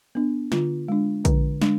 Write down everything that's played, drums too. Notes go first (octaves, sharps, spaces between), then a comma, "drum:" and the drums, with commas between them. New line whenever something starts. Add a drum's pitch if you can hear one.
B3 D4
D3 F4, drum: snare
G#3 D4
D3, drum: kick A#1, hi-hat
G#3 D4, drum: snare